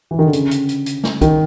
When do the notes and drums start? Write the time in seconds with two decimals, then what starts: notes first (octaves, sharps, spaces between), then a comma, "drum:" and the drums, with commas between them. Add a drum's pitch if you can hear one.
0.11 E3
0.19 D#3
0.26 D3
0.33 C#3, drum: hi-hat
0.51 drum: hi-hat
0.69 drum: hi-hat
0.86 drum: hi-hat
1.04 drum: snare
1.21 D#3, drum: kick, hi-hat